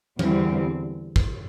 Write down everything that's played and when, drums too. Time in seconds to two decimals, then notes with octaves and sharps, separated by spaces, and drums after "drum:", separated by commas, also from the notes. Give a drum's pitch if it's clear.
0.19 E2 D3 G3 C4, drum: tom E3
1.16 drum: kick